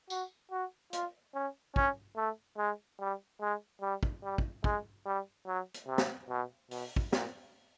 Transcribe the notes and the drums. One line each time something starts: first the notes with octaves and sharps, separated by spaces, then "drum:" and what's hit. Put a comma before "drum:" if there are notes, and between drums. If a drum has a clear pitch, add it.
F#4, drum: tambourine
F#4
F4, drum: hi-hat
C#4
C#4, drum: kick
A3
G#3
G3
G#3
G3
drum: kick
G3
drum: kick
G#3, drum: kick
G3
F#3
drum: hi-hat
C3
drum: snare
B2
B2, drum: open hi-hat
drum: kick
A#2, drum: snare